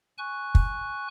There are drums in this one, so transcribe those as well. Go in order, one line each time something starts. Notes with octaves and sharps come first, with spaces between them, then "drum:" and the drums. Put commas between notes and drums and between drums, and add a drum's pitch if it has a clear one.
G#5 C#6 F#6
drum: kick